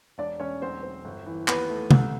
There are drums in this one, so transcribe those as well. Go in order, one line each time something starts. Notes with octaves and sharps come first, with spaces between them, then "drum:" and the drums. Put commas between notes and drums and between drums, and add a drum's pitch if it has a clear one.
E1 D4 D5
E1 C#4 C#5
B1 C4 C5
C4
G1
E3
D#2 B3 B4, drum: clap
A3
C2, drum: tom C3